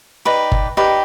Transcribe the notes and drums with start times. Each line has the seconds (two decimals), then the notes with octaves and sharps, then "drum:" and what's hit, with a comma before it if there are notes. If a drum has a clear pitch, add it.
0.25 D#4 G4 B4 D5
0.52 drum: kick G1
0.77 D#4 G4 B4 D5